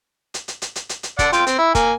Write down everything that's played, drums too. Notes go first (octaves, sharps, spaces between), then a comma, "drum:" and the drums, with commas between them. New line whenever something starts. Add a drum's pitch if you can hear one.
drum: hi-hat
drum: hi-hat
drum: hi-hat
drum: hi-hat
drum: hi-hat
drum: hi-hat
D5 F#5, drum: kick, hi-hat
F4 G5, drum: hi-hat
C4, drum: hi-hat
E4
A#3 G#5, drum: kick, hi-hat